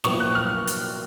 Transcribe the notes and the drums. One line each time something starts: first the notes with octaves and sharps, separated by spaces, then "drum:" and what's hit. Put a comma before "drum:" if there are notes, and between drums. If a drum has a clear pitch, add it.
A#1 A#2 F#3 B3 E4 C#6, drum: snare
F#6
F6
drum: hi-hat